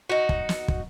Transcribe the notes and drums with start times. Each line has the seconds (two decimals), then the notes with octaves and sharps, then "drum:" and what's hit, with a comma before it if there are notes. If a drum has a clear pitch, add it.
0.10 D#4 F#4
0.29 drum: kick
0.49 drum: snare
0.68 drum: kick